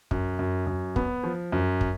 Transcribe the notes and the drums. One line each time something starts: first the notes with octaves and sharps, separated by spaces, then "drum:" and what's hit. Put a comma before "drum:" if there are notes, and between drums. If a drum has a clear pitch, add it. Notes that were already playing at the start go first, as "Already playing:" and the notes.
F#2, drum: kick
F#2
F#2
B3, drum: kick
F3
F#2
drum: kick